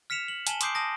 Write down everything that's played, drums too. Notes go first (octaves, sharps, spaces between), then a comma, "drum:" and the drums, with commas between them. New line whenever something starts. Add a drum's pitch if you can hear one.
F6 B6 C#7 E7 F7
F#7
G#5 A5 E7 F#7 G7, drum: hi-hat
C6 D6 D#6 G6 C7 D7, drum: hi-hat
A5 D#6 A#6 D7